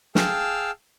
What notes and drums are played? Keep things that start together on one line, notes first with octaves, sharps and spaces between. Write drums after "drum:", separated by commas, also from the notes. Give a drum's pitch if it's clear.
G#4 F5 G5 A5 E6 F6, drum: snare